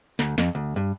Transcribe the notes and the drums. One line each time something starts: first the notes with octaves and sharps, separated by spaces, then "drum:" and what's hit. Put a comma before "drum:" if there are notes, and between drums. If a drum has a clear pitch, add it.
D2, drum: snare
F2, drum: snare
D2, drum: hi-hat
G2